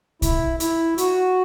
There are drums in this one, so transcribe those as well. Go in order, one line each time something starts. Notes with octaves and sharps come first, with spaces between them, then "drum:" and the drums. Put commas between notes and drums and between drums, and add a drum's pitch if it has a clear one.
E4, drum: kick, hi-hat
E4, drum: hi-hat
F#4, drum: hi-hat